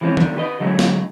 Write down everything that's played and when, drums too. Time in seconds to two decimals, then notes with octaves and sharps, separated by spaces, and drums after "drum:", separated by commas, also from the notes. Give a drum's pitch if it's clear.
0.01 E3 F3 G#3 A#3 C4 C#4
0.17 D3 D#3 G3, drum: tom D#3
0.37 G4 B4 D#5
0.60 D3 F#3 G#3 A3 C#4
0.79 drum: snare